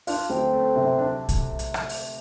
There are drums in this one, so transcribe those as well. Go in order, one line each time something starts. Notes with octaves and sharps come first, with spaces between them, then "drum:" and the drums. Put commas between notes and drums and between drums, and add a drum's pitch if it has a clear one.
D4 F4, drum: open hi-hat
D2 C4
A3
C3
D4
drum: kick, hi-hat
drum: hi-hat
drum: rim click
drum: open hi-hat